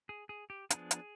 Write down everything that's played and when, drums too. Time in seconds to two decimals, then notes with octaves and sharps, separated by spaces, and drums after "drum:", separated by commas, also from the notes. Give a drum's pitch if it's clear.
0.09 G#4
0.29 G#4
0.50 G4
0.70 F3 B3 D4 G#4, drum: hi-hat
0.91 drum: hi-hat